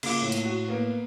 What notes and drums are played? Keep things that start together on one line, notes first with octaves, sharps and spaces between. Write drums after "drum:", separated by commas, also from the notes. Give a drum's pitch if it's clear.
C#3 A#3 F4 D6, drum: cymbal
A2
drum: hi-hat
F#4
A#3 B3